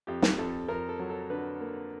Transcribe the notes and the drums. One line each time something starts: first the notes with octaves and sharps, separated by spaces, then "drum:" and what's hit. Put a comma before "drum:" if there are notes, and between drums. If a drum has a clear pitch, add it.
F2 G4
drum: snare
F2 A4
F2 A#4
A4
F#3
A4
D3 B4
A#3